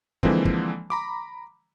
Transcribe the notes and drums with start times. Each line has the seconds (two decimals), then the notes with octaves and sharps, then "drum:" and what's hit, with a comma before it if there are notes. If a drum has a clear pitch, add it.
0.23 D3 E3 F3 G#3 A#3 C4, drum: kick
0.45 drum: kick
0.90 A#5 B5 D6